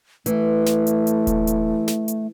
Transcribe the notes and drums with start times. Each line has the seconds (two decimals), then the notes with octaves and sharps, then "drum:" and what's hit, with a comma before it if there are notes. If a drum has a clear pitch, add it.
0.26 E3 A3, drum: hi-hat
0.66 drum: snare
0.87 drum: hi-hat
1.07 drum: hi-hat
1.27 drum: kick D#1, hi-hat
1.47 drum: hi-hat
1.88 drum: snare
2.08 drum: hi-hat